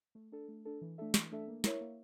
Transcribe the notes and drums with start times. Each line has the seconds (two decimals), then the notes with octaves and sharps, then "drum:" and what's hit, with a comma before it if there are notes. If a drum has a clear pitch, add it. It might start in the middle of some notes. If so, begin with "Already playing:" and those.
0.15 A3
0.32 D4 A4
0.48 A3
0.65 D4 A4
0.82 E3
0.98 A3 D4 A4 E5
1.14 E3, drum: snare
1.31 A3 D4 A4 E5
1.48 A#3
1.64 E4 A#4 C#5 E5, drum: snare
1.81 A#3